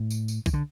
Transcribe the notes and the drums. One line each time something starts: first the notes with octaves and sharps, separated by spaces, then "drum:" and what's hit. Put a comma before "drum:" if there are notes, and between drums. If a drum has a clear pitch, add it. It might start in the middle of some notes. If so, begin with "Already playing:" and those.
Already playing: A2
drum: tambourine
drum: tambourine
E3, drum: kick B1, tambourine
D3